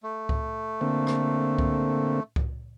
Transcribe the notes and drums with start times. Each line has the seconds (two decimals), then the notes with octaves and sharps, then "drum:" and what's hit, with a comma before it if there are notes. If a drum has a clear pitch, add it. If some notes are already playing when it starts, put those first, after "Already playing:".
0.03 A3
0.29 drum: kick C#2
0.81 D3 A#3 C4
1.07 drum: rim click
1.59 drum: kick C#2
2.36 drum: kick C#2